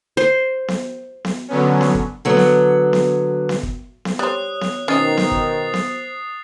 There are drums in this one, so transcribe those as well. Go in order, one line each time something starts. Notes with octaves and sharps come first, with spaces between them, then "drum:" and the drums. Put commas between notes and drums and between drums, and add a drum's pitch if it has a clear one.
C5
drum: snare B3
drum: snare B3
D3 F#3 B3 C#4
drum: snare B3
drum: kick
D3 F#3 B3
drum: snare B3
drum: snare B3
drum: snare B3
drum: kick
drum: snare B3
G3 C5 C#5 D#6 F#6
drum: snare B3
B2 D#3 C#4 C5 D#5 D#6 A6 C7
drum: snare B3
drum: kick
drum: snare B3